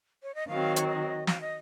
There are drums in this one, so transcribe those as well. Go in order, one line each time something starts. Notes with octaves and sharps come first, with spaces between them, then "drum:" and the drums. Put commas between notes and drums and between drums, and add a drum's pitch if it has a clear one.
C#5
D#5
D#3 F#3 C4 F5
C#5, drum: hi-hat
D#5
F5, drum: snare
D#5